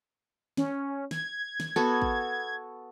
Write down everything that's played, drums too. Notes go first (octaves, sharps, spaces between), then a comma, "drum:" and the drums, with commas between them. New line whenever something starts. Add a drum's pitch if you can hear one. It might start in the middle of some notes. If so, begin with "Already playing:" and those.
C#4, drum: snare
G#6, drum: snare
drum: snare
B3 F#4 A4
drum: kick